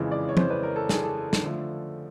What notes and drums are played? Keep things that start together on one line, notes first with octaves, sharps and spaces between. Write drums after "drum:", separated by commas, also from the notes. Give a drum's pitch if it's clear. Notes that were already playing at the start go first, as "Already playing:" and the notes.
Already playing: F2 C#3 E3 G#3
D5
C#5
C5, drum: tom
B4
A#4
A4
G#4, drum: snare
A4
drum: snare
D3 F3 A3